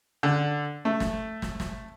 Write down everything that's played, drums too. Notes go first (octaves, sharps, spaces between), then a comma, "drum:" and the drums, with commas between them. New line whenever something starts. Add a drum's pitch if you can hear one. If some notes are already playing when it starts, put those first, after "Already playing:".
D3
A3
drum: snare
drum: snare
drum: snare